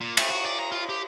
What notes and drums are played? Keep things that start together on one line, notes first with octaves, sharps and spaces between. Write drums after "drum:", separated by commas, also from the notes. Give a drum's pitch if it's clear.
A#2
A3, drum: cymbal
F#4
D5
A#5
F4
G4